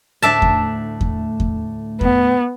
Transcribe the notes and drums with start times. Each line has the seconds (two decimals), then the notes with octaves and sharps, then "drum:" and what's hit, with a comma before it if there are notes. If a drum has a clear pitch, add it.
0.22 D2 A2 A3 D4 E5 A5
0.42 drum: kick E2
1.01 drum: kick E2
1.40 drum: kick E2
2.01 B3, drum: kick E2